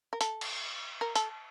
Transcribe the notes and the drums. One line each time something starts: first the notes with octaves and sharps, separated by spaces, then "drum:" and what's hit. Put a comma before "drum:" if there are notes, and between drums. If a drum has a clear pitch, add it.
A#4
A4, drum: hi-hat
drum: cymbal
A#4
A4, drum: hi-hat